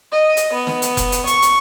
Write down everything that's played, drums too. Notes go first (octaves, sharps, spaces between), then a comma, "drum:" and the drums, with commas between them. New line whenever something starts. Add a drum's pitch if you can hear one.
D#5
drum: hi-hat
B3
drum: snare
drum: hi-hat
drum: kick F1, hi-hat
drum: hi-hat
C#6, drum: hi-hat
drum: hi-hat